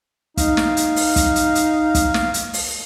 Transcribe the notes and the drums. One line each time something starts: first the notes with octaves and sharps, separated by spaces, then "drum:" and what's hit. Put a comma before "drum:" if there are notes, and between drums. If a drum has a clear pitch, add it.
D#4 F5, drum: kick, hi-hat
drum: snare
drum: hi-hat
drum: open hi-hat
drum: kick, hi-hat
drum: hi-hat
drum: hi-hat
drum: kick, hi-hat
drum: snare
drum: hi-hat
drum: open hi-hat